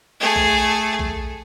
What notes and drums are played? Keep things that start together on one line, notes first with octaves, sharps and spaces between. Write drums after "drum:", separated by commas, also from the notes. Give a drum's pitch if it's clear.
A3 G#4
drum: kick A#1
drum: kick A#1